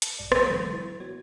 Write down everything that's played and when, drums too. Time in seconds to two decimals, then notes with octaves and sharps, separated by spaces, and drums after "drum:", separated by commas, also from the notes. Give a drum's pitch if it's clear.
0.02 A5, drum: hi-hat
0.19 A#1 G2 D5
0.32 A2 B5 D#7, drum: rim click
0.49 D3 E3 F#3 G#3 A4 A#4
0.73 E4
1.00 B3 F#4 C#5 G#6